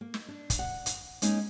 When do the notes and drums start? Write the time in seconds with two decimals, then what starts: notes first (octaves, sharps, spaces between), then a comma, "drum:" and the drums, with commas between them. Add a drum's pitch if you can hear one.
0.01 A#3
0.14 drum: snare
0.29 D4
0.50 drum: kick, hi-hat
0.59 F#5
0.86 drum: hi-hat
1.22 G#3 A#3 C#4 D#4, drum: hi-hat